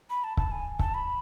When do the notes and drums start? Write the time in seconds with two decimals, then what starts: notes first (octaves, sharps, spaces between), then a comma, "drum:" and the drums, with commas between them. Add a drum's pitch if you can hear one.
0.10 B5
0.24 A5
0.37 A5, drum: kick C#1
0.51 G#5
0.79 A5, drum: kick C#1
0.94 B5